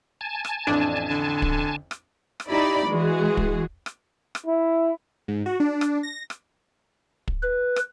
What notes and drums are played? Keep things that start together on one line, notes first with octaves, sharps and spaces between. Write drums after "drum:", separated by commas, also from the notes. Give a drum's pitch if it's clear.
G#5 A5
drum: rim click
A1 F2 D4
D3
drum: kick
drum: rim click
drum: rim click
D#4 E4 G4 D5 B5
E3 G#3 F#4 G#4
drum: kick
drum: rim click
drum: rim click
E4
G#2
F#4
D4
drum: rim click
A#6
drum: rim click
drum: kick
B4
drum: rim click